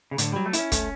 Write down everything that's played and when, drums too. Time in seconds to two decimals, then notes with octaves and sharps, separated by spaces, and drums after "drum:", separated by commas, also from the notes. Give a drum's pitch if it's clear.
0.11 C#3
0.18 A2 D3, drum: hi-hat
0.32 F#3 G3
0.46 A3
0.53 E4, drum: hi-hat
0.59 C#4
0.72 A3, drum: kick, hi-hat